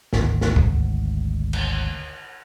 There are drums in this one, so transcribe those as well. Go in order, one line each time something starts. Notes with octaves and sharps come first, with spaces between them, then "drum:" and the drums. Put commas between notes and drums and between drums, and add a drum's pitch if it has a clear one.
G#1 D2 G#2, drum: snare
drum: snare
drum: kick
drum: cymbal